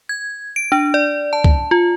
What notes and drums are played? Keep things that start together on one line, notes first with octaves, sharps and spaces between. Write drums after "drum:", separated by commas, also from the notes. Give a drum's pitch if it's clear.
G#6
D7
D4
D5
A5
drum: kick
F4